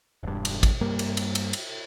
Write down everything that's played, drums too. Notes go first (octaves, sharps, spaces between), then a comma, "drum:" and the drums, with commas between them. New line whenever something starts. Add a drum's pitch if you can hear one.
E1 G2
drum: cymbal
drum: kick G#1, cymbal
G2 G3 A#3
drum: cymbal
drum: cymbal
drum: cymbal
drum: cymbal